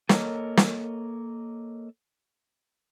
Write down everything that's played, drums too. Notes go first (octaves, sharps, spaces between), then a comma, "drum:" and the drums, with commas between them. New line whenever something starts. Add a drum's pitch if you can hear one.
A#3 A4 A#4 C#5 D#5, drum: snare
drum: snare